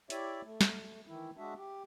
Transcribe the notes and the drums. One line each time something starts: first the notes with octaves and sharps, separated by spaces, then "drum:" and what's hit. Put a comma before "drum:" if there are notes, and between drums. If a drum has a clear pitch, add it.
E4 G4 C#5 D5 E5, drum: hi-hat
A3
drum: snare
D#3 E3 E4
G#3 D4 F#4 E5
G4